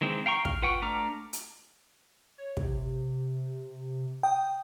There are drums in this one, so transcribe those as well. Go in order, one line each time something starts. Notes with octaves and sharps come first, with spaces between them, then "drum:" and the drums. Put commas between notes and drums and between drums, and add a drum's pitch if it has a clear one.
D#3 E3 G#3 C4
F5 G5 A#5 C#6
F6, drum: kick
F4 B4 F#5 G5 C#6
A3 D4 A#5 D6 F6
drum: hi-hat
C#5
C3, drum: kick
G5 D#6